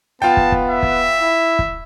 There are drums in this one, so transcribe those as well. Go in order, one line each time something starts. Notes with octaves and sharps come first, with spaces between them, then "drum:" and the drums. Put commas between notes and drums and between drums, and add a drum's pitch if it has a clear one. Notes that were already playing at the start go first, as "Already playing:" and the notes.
B3 F4 G5 A5
drum: kick
drum: kick
E5
drum: kick
E4
drum: kick